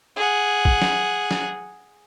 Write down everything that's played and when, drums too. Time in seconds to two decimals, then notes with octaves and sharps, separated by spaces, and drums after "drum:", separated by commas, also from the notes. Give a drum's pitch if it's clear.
0.16 G#4 F#5
0.65 drum: kick
0.82 drum: snare
1.31 drum: snare